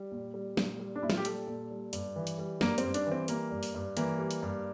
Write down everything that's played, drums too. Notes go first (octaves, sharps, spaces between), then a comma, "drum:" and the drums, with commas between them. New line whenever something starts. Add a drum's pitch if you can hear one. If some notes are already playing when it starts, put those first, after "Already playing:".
Already playing: G3
A#2
G3
A#2, drum: snare
G3
D4
A#2 E4
F4, drum: snare
G4
G3 A4, drum: hi-hat
A#2
G3
G2, drum: hi-hat
E3
drum: hi-hat
G3
G2 A#3, drum: snare
C4, drum: hi-hat
G2
D4, drum: hi-hat
E3 C4
G3 A#3, drum: hi-hat
G2
drum: open hi-hat
G2
E3 A#3, drum: hi-hat
G3
drum: hi-hat
G2